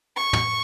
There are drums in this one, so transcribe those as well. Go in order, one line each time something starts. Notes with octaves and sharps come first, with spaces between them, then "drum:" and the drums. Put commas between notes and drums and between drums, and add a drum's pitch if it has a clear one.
C#6
drum: tom